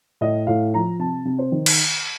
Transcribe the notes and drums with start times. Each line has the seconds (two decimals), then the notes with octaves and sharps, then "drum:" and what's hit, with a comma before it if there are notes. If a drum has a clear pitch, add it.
0.21 A2 D#5
0.47 A2 F5
0.74 F3 A#5
0.99 C3 A5
1.25 C3
1.39 C5
1.52 D#3
1.66 drum: cymbal